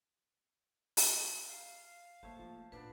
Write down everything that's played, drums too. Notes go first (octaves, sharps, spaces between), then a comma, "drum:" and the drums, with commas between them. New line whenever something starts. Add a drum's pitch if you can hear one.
drum: open hi-hat
F5
A3 A#3 C5 C#5 E5 A5
F3 A4
A#2 B3 C#4 D4 B4